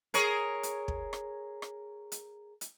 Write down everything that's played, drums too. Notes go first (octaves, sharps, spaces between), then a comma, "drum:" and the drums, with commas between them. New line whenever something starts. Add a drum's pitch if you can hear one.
G#4 A#4 C#5, drum: hi-hat
drum: hi-hat
drum: kick
drum: rim click
drum: rim click
drum: hi-hat
drum: hi-hat